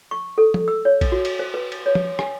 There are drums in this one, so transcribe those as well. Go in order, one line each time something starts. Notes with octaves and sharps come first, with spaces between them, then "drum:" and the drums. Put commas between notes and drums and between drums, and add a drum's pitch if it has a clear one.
C#6
A4
drum: tom F3
E6
C#5
drum: kick A#1, cymbal
F#4
drum: cymbal
C5
B4
drum: cymbal
C#5
drum: tom F3
G#5, drum: rim click